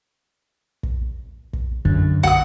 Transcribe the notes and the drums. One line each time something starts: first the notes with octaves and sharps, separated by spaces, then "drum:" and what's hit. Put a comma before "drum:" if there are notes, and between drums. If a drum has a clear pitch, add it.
drum: kick
drum: kick
F#2 D3
F#5 D#6, drum: kick